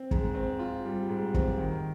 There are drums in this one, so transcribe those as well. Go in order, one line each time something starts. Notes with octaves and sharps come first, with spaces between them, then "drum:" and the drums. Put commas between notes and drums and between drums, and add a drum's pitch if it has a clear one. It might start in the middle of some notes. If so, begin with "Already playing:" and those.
Already playing: C4
G#2, drum: kick
C4
F4
G3
G#2
C4, drum: kick
D#3